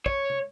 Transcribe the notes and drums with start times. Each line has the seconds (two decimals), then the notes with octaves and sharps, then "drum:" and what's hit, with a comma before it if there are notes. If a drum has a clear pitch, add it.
0.06 C#5, drum: kick
0.30 drum: tom